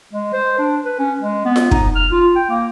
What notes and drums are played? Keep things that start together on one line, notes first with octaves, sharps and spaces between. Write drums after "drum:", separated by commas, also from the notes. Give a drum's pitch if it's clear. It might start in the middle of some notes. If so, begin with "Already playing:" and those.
G#3
C5
D4
B4
C#4
G#3
B3
drum: snare F4
D#4, drum: kick
F6
F4
G5
A#3